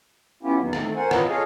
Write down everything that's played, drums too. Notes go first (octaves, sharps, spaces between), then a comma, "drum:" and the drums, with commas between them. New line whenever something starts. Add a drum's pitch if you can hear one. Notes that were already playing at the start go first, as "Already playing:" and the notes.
B3 C#4 E4 F4 G4
E2 D#3 F#3 A#3 B3
D#3 A3 C4, drum: rim click
F#4 A#4 C5 F#5 G#5
C4 F4 B4 C#5 D#5, drum: rim click
F4 G#4 A4 C#5 D#5 F5